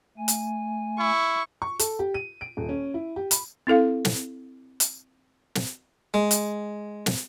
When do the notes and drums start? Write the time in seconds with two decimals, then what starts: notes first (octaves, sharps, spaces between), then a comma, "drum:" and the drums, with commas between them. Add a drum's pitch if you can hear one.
0.18 A3 G#5
0.28 drum: hi-hat
0.99 E4 C#6
1.62 C#6
1.79 A4, drum: hi-hat
1.99 G4
2.14 D#7
2.41 D7
2.57 D#1
2.69 C#4
2.94 E4
3.16 G4
3.31 B5, drum: hi-hat
3.67 C4 E4 A4 F5
4.05 drum: snare
4.80 drum: hi-hat
5.55 drum: snare
6.14 G#3
6.31 drum: hi-hat
7.06 drum: snare